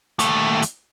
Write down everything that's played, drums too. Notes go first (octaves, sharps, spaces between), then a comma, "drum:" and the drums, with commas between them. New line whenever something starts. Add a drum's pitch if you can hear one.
D#2 A3, drum: hi-hat
drum: hi-hat